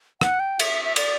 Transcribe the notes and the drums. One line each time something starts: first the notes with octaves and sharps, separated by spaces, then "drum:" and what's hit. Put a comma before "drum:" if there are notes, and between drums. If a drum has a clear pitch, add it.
F#5, drum: rim click
G5
E5, drum: cymbal
E5
D5, drum: cymbal